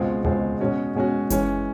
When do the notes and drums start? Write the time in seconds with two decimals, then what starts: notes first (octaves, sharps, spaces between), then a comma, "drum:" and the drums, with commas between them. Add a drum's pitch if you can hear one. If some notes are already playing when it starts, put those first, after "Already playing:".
Already playing: C#2 B2 G#3 C4 F4
0.25 C#2 B2 G#3 C4 F4, drum: tom D2
0.60 B2 G#3 C#4 F#4
0.95 B2 G#3 C#4 F#4
1.30 E3 G#3 C#4, drum: kick F#1, hi-hat